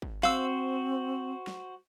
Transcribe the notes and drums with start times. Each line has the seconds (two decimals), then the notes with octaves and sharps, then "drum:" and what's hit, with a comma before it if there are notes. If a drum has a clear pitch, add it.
0.02 drum: kick
0.23 C4 F#4 C5 F5 E6, drum: snare
1.47 drum: snare